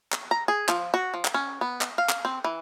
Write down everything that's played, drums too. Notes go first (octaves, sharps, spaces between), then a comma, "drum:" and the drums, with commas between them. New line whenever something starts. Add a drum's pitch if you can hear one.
drum: clap
A#5
G#4
F3, drum: clap
F#4
F3
drum: clap
C#4
B3
drum: clap
F5
drum: clap
C4
E3